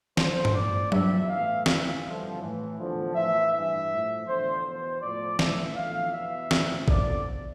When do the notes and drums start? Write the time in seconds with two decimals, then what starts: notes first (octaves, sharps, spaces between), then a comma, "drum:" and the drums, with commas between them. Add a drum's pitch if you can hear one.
0.17 E2 D3 F3 C5, drum: snare
0.45 drum: tom G2
0.55 A2 F3 D5
0.92 E2 C3 F3 E5, drum: tom F#3
1.29 A2 E3 F5
1.66 F2 E3 E5, drum: snare
2.04 G2 D3 F3
2.41 A2 E3
2.78 E2 D3 F3
3.15 A2 E3 E5
3.53 G2 E3 E5
3.90 A2 F3
4.27 E2 D3 F3 C5
4.65 E2 B2 C5
5.01 A2 F3 D5
5.39 A2 E3 E5, drum: snare
5.76 E2 D3 F3 F5
6.14 E2 B2 E5
6.51 A2 F3, drum: snare
6.88 E2 D3 F3 D5, drum: kick A1